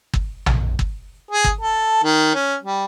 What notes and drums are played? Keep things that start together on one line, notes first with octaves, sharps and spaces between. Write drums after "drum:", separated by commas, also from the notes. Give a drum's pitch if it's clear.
drum: kick
drum: tom
drum: kick
G#4
drum: kick
A4
D#3
C#4
G3